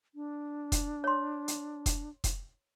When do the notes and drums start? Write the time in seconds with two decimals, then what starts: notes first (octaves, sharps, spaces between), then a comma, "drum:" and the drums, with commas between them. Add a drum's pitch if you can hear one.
0.15 D4
0.72 drum: kick F1, hi-hat
1.04 C#5 C6
1.48 drum: hi-hat
1.86 drum: kick F1, hi-hat
2.24 drum: kick F1, hi-hat